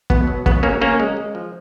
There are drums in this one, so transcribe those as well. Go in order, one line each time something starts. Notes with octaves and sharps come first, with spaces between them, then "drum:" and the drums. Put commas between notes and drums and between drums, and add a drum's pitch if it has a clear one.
B2 B3, drum: kick
F#3
C#3 B3, drum: kick
F#3 A#3 C#4
C#3 A#3 C#4
G#3
G#3
F3